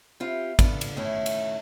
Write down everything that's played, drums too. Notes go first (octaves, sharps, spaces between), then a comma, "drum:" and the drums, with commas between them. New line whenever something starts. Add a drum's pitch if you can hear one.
C4 E4 F4 G4
B3 D4 F4 A4, drum: kick, cymbal
drum: cymbal
D#3 A3 C#4 E4
drum: cymbal